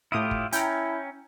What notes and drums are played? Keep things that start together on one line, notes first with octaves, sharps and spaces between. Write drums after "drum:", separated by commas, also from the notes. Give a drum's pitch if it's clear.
A2 E4 F4 G4 D#6
drum: kick G1
C#4 E4 G5 A#5, drum: hi-hat